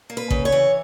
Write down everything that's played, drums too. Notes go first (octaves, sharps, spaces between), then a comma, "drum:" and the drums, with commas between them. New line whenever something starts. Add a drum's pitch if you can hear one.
A#3
B4
C#3, drum: kick A1
C#5
E3